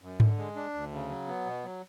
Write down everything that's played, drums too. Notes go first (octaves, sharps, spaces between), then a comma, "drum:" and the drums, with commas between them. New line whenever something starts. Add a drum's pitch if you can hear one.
F#2
D3, drum: tom G#2
G#3
D4
D2
C#3
F#3
B3
B2
F#3